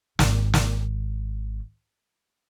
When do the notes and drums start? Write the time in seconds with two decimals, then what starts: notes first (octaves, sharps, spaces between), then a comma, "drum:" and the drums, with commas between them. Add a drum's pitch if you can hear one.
0.19 G#1 D#3, drum: snare
0.54 drum: snare